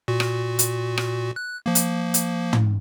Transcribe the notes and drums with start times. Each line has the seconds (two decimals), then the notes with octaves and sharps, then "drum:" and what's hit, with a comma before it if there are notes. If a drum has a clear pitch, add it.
0.08 A#2 F#4
0.20 drum: rim click
0.59 drum: hi-hat
0.98 drum: rim click
1.36 F#6
1.66 F3 A#3
1.75 drum: hi-hat
2.14 drum: hi-hat
2.53 drum: tom